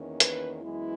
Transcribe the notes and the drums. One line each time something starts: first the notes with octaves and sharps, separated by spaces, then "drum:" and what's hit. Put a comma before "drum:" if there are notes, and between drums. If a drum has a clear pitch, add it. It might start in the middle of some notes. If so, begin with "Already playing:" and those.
Already playing: E2 D#3 A#3 C#4
B4, drum: hi-hat
F#2 E3 G#3 B3 E4